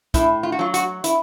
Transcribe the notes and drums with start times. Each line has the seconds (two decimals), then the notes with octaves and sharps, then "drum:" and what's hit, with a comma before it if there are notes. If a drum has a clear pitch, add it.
0.14 A2 E4, drum: kick, hi-hat
0.43 F4
0.52 F#4
0.59 F#3 F4
0.74 F#4, drum: hi-hat
1.04 E4, drum: hi-hat